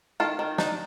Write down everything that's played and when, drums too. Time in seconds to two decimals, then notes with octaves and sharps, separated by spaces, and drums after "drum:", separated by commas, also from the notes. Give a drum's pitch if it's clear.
0.20 D#3 F4 A4
0.39 D#3
0.58 D4 D#4, drum: snare